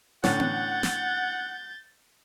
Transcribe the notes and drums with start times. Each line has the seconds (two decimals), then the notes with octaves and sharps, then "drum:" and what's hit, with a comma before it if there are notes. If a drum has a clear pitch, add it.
0.24 A2 D3 C#4 F#5 G6 A6, drum: snare
0.40 drum: tom B3
0.83 drum: snare